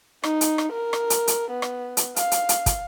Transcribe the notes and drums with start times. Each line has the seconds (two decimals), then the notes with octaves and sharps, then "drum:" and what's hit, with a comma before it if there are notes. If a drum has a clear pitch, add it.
0.24 D#4, drum: rim click
0.41 drum: hi-hat
0.58 drum: rim click
0.72 A#4
0.93 drum: rim click
1.10 drum: hi-hat
1.28 drum: hi-hat
1.51 B3
1.62 drum: rim click
1.97 drum: hi-hat
2.16 F5, drum: hi-hat
2.31 drum: hi-hat
2.49 drum: hi-hat
2.66 drum: kick, hi-hat